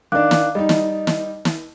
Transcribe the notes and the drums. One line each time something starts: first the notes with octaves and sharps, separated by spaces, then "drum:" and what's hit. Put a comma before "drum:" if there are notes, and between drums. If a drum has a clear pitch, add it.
D#3 D4 F5 D6 F#6
drum: snare
G3 D#4 D#5
drum: snare
drum: snare
drum: snare